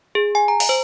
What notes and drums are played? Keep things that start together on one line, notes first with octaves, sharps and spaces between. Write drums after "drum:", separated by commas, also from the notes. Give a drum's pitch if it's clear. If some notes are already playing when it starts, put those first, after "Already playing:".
G#4
G#5
A#5
drum: open hi-hat
C5